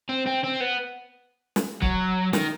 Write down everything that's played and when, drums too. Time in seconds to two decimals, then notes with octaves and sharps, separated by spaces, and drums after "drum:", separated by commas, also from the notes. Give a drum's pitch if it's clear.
0.09 C4
0.27 C4
0.44 C4
0.61 B3
1.56 drum: snare
1.82 F#3, drum: kick
2.33 D#3, drum: snare